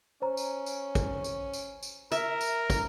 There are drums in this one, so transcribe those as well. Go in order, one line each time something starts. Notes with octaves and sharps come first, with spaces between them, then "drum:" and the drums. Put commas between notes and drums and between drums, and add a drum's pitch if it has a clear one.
C#4 C5 A#5
drum: tambourine
drum: tambourine
drum: kick, tambourine
drum: tambourine
drum: tambourine
drum: tambourine
A#4 E5, drum: tambourine
drum: tambourine
drum: kick, tambourine